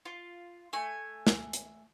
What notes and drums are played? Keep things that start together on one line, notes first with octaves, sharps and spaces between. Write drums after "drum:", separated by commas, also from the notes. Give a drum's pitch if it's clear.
F4
A3 G#5
drum: snare
drum: hi-hat